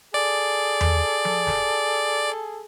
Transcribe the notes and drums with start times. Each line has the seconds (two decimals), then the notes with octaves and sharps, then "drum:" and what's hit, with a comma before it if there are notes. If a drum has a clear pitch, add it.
0.14 G#4 A4 D5
0.81 drum: tom E2
1.25 drum: tom F3
1.47 drum: snare